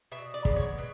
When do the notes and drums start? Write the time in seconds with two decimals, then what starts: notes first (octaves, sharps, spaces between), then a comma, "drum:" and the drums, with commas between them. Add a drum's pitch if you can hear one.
0.12 B2 E5
0.34 D5
0.45 G#3 B3, drum: kick
0.56 C#5
0.78 B2